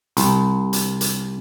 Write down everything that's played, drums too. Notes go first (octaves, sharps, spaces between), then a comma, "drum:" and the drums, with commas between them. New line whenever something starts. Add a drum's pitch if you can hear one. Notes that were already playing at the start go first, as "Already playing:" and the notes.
C2, drum: hi-hat
drum: hi-hat
drum: hi-hat